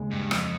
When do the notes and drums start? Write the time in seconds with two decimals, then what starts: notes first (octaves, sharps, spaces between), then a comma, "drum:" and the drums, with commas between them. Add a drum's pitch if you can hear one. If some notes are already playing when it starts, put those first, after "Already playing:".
Already playing: D#2 C#3 G#3
0.11 G2
0.31 F2, drum: rim click